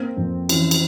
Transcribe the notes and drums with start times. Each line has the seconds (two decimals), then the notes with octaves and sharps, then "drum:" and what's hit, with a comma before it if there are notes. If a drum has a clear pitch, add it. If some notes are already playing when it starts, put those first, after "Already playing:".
Already playing: A#3 C4
0.17 F2
0.49 E3 C#4, drum: cymbal
0.71 drum: cymbal